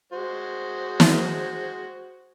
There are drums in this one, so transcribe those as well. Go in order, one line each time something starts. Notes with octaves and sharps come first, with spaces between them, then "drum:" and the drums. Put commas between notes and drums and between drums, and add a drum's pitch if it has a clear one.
G#3 F#4 C5
drum: snare